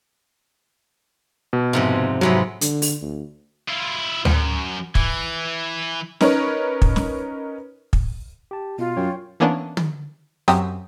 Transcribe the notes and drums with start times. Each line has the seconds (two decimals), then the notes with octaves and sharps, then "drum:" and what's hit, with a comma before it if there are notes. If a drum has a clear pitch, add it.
1.53 B2
1.73 F2 G#2 C3
2.21 G#2 C3 F#3 B3
2.61 D3, drum: hi-hat
2.82 drum: open hi-hat
3.02 D2
3.68 E4 F4
4.25 F#2, drum: tom D2
4.95 E3, drum: kick
6.21 C#4 D#4 A#4 B4 C#5, drum: snare
6.82 drum: kick
6.96 drum: snare
7.93 drum: kick
8.51 G4 A5
8.79 B2 F4
8.97 F#2 C#5 G5
9.40 E3 A#3 B3 C#4 D4
9.77 drum: tom
10.48 F#2 F#3 C4 G4 D#6 E6, drum: rim click